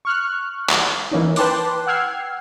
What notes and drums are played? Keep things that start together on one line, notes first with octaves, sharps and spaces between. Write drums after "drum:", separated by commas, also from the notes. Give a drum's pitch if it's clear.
C#6 F6 F#6
drum: clap
E3 A#3 C#4 D#4
B4 G5 A5 C6 D6 F#6, drum: open hi-hat
F#5 G5 E6 F6 G#6 C7